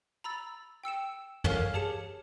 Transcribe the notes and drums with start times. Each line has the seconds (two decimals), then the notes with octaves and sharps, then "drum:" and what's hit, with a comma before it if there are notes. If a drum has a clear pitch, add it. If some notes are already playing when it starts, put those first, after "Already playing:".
0.24 A#5 B5 E6 A6
0.83 G5 E6 C#7 E7
1.44 A4 A#4 C#5 F5 G#5 F6, drum: tom
1.74 G4 G#4 C#5 A5 C#7 E7